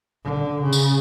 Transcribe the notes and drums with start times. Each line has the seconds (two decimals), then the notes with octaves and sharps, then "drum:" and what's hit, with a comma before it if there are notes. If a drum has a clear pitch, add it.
0.24 D3
0.63 C#3
0.73 drum: tambourine